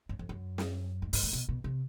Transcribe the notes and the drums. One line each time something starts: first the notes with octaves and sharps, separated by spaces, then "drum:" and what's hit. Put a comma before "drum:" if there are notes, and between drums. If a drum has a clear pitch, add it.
F#2
F2
F#2
drum: snare
G#2
G#2, drum: open hi-hat
A2
B2
B2
C3